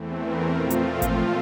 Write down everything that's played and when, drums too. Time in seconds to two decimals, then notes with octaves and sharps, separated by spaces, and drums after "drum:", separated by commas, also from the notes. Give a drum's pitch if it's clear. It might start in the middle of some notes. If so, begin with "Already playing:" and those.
Already playing: E2 E3 A3 C4
0.23 A#4
0.54 A#2 F3 A3 C4 F4
0.70 drum: hi-hat
1.02 drum: kick G#1, hi-hat